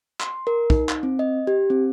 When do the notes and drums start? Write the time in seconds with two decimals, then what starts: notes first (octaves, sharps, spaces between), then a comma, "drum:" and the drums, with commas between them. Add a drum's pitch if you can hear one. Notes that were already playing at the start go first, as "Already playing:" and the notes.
0.20 C6, drum: clap
0.47 A#4
0.70 D#4, drum: kick
0.89 drum: clap
1.03 C4
1.19 D#5
1.47 G4
1.70 C4